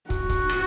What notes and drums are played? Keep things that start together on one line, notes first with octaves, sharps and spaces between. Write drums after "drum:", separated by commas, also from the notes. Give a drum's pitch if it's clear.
F#4, drum: kick, hi-hat
drum: kick, hi-hat
drum: rim click